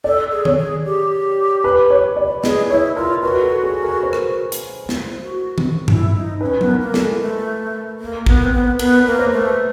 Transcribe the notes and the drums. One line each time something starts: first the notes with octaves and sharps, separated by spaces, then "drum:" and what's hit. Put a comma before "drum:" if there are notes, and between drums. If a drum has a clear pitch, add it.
A4 D5
G#4
C#5, drum: tom D#3
G#4
G4
B4
C#5
D5
G#4 D#5, drum: snare
E4 C#5
F4 A#4
F#4 B4
A4
G#4
A#4
C5
drum: rim click
drum: hi-hat
drum: snare
F#4
drum: tom D#3
E4, drum: tom G2
D#4
C#4 B4
B3, drum: tom F#3
A#4
A#3
A4, drum: snare
G#3
A3
A#3
B3, drum: kick
C4
B3
B3 A#4, drum: cymbal
B4
A#3
C5
A3
B4